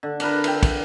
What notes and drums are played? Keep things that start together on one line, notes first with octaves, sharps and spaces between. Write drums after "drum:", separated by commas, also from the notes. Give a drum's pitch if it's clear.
D3
D4 A#4 B4, drum: cymbal
E5 G5, drum: cymbal
drum: kick, cymbal